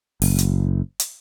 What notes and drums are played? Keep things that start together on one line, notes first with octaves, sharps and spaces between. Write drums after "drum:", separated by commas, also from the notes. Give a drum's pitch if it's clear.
F#1, drum: open hi-hat
drum: hi-hat
drum: hi-hat